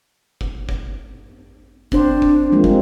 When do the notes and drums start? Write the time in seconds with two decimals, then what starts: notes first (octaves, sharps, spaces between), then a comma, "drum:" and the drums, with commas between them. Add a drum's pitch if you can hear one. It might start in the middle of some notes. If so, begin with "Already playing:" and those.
0.41 drum: kick
0.69 drum: kick
1.92 C4 D4 C5, drum: kick
2.22 drum: kick
2.52 F3 G#3 A#3
2.64 G3 C4, drum: kick